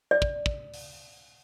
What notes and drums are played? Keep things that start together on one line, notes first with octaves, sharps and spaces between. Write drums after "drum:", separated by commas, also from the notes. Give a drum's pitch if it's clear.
D5
drum: kick
drum: kick
drum: open hi-hat